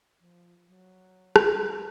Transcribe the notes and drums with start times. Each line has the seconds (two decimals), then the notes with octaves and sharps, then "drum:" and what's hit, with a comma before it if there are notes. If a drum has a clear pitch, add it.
0.20 F3
0.68 F#3
1.36 drum: rim click
1.64 G3